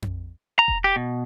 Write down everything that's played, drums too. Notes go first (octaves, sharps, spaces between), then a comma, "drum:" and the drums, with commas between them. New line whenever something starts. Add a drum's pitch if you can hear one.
drum: tom F2
A#5
drum: kick E1
G4
B2